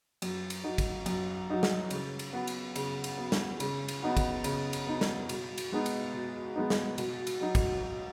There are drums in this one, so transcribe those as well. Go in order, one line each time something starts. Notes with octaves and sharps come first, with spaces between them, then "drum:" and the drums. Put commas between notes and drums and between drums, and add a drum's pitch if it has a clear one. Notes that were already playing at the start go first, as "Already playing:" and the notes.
F#2, drum: cymbal
drum: cymbal
F#3 D#4 F#4
drum: kick, cymbal
F#2, drum: cymbal
F#3 D#4 F#4
drum: snare
C#3, drum: cymbal
drum: cymbal
B3 F#4
drum: cymbal
C#3, drum: cymbal
drum: cymbal
B3 F#4
drum: snare
C#3, drum: cymbal
drum: cymbal
B3 D#4 F#4
drum: kick, cymbal
C#3, drum: cymbal
drum: cymbal
B3 D#4 F#4
drum: snare
B2, drum: cymbal
drum: cymbal
G#3 B3 D#4
drum: cymbal
B2
G#3 B3 D#4
drum: snare
B2, drum: cymbal
drum: cymbal
F#3 D#4 F#4
drum: kick, cymbal
B2